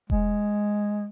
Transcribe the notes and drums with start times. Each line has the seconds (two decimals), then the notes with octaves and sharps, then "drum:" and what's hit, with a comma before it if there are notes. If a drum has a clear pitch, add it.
0.10 G#3, drum: kick E1